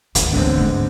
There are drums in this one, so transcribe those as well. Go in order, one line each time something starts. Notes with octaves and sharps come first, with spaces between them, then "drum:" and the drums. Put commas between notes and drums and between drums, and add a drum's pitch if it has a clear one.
G#1 D2 G#2, drum: hi-hat
A1 D3 G#3 B3 C4
D2 G#2 A3